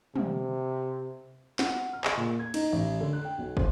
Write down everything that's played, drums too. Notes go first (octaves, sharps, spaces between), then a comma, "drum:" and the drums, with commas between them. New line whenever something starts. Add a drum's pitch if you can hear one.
C3, drum: tom
F#5, drum: snare
F6
G#4, drum: clap
A#2
G#6
D#4, drum: cymbal
A1
D3
F#6
G5
B1
C5, drum: kick